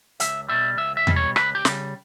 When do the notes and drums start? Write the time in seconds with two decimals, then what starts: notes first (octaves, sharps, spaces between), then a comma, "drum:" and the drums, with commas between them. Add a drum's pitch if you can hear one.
0.20 C#2 E5, drum: hi-hat
0.49 B2 G3 E5
0.77 C#2 E5
0.97 E5
1.07 B2 G3, drum: tom E2
1.16 C#5
1.36 C#2 B4, drum: rim click
1.55 G4
1.65 C#3 G3, drum: snare